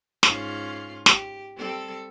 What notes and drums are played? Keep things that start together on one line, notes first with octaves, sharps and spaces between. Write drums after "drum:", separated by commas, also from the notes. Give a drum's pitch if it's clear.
G#2 C#4 F4, drum: snare
G4, drum: snare
G3 C4 A4